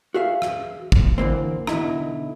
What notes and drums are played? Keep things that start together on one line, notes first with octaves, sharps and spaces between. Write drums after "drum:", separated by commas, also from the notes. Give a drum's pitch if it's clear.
F#4 G#4 E5 F5
drum: rim click
drum: kick
D3 E3 A#3 C4
B2 D3 D#4 E4 A#5, drum: rim click